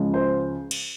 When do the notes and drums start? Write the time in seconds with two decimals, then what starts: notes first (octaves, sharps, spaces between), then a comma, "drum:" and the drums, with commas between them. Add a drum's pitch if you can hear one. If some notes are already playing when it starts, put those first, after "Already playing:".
Already playing: C#2 C#3 F3 G#3
0.14 C5
0.71 drum: cymbal